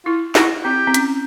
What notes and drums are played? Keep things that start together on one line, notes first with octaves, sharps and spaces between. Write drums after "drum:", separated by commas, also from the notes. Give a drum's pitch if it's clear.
E4 F4
E4 F#4, drum: snare
C4 G4
C4
C#4, drum: hi-hat